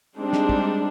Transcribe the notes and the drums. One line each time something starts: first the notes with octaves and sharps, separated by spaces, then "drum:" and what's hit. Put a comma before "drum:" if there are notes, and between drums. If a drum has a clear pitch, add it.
G3 G#3 C4 D4 D#4
drum: snare
drum: kick